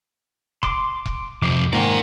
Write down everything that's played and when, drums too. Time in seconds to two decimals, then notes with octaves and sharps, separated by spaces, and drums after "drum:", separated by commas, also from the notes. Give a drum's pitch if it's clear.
0.63 C6 D6, drum: kick E1
1.06 drum: kick E1
1.42 F2 C3 D6
1.73 G#2 D#3 A#3 D5 G#5